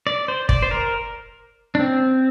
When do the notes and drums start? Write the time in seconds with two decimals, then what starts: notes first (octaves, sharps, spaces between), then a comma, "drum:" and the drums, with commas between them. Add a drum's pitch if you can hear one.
0.07 D5
0.28 C5
0.49 D5, drum: kick
0.62 C5
0.71 A#4
1.75 D4
1.79 C4